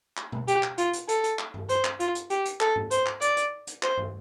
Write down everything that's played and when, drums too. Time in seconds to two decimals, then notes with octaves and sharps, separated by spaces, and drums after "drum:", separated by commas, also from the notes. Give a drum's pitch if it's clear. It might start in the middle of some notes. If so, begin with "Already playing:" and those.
0.17 drum: clap
0.32 drum: tom B2
0.48 G4, drum: hi-hat
0.63 drum: clap
0.78 F4, drum: hi-hat
0.93 drum: hi-hat
1.09 A4, drum: hi-hat
1.24 drum: hi-hat
1.39 drum: clap
1.54 drum: tom G2
1.69 C5, drum: hi-hat
1.85 drum: clap
2.00 F4, drum: hi-hat
2.15 drum: hi-hat
2.30 G4, drum: hi-hat
2.45 drum: hi-hat
2.60 A4, drum: clap
2.76 drum: tom
2.91 C5, drum: hi-hat
3.06 drum: clap
3.21 D5, drum: hi-hat
3.37 drum: hi-hat
3.67 drum: hi-hat
3.83 C5, drum: clap
3.98 drum: tom G2